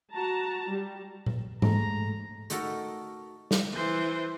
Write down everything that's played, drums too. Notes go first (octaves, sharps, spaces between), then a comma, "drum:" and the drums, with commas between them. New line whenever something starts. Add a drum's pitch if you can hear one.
F#4 A5 A#5
G3
drum: tom A#2
G#3 A3 A4 A#5, drum: tom G#2
A3 D#4 F#4 A4 A#4, drum: hi-hat
drum: snare
E3 C5